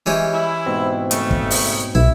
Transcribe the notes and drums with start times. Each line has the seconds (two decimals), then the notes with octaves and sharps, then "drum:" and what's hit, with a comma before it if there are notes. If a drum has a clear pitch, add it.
0.06 E3 G#3 C#4 G4
0.33 E4
0.66 G#2 B2 C4
1.11 C#3 A3, drum: hi-hat
1.31 drum: kick
1.51 drum: open hi-hat
1.95 B1 E4